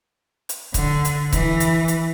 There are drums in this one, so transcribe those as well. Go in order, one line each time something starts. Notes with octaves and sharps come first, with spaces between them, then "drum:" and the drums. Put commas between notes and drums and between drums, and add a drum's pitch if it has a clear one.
drum: hi-hat
D3, drum: kick C#1, hi-hat
drum: hi-hat
E3, drum: kick C#1, hi-hat
drum: hi-hat
drum: hi-hat